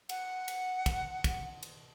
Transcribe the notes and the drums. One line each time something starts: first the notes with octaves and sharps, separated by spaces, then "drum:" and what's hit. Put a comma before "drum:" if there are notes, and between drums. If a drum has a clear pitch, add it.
F#5, drum: cymbal
drum: cymbal
drum: kick, cymbal
drum: kick, cymbal
drum: cymbal